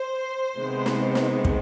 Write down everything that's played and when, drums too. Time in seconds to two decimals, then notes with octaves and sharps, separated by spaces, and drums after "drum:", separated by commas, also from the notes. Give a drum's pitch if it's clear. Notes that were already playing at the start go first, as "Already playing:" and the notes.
Already playing: C5
0.56 C3 D#3 G#3 B3
0.86 drum: snare
1.15 drum: snare
1.45 drum: kick